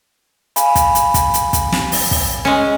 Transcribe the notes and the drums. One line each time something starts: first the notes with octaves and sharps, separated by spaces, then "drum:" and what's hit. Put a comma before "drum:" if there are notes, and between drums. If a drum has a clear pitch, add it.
F5 G#5 B5, drum: hi-hat
drum: kick, hi-hat
drum: hi-hat
drum: kick, hi-hat
drum: hi-hat
drum: kick, hi-hat
drum: snare
drum: open hi-hat
drum: kick, open hi-hat
G#3 C#4